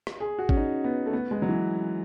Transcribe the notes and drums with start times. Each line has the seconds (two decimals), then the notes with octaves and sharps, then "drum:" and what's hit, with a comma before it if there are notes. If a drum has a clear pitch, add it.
0.07 drum: rim click
0.20 G#4
0.39 F#4
0.49 C#4, drum: kick G#1
0.57 D#4
0.84 B3
1.06 A3
1.13 B3
1.31 G#3
1.42 F#3
1.49 E3